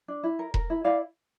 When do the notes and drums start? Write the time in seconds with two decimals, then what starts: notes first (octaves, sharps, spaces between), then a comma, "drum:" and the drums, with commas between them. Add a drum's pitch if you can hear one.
0.08 D4
0.23 E4
0.39 A#4
0.54 A#4, drum: kick E1
0.70 E4
0.84 E4 D5 F5